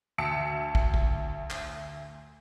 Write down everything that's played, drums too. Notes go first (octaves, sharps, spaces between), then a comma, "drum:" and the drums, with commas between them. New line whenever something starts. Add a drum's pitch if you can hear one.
D2 A5 E6 C#7
drum: kick
drum: kick
drum: clap